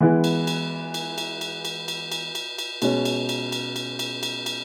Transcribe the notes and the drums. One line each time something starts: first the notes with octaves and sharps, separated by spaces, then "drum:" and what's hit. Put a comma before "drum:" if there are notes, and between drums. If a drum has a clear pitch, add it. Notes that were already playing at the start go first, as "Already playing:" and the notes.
E3 G#3 B3 E4
drum: cymbal
drum: cymbal
drum: cymbal
drum: cymbal
drum: cymbal
drum: cymbal
drum: cymbal
drum: cymbal
drum: cymbal
drum: cymbal
B2 G#3 C#4, drum: cymbal
drum: cymbal
drum: cymbal
drum: cymbal
drum: cymbal
drum: cymbal
drum: cymbal
drum: cymbal